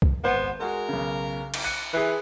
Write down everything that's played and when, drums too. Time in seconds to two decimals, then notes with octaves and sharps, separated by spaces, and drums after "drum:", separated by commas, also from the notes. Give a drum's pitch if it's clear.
0.02 drum: kick C2
0.24 G#1 B3 C5 F#5
0.60 G#3 F#4 G#4 A#4
0.89 B1 C#3
1.54 drum: cymbal
1.64 F#6 C#7 D#7
1.93 E3 G#4 B4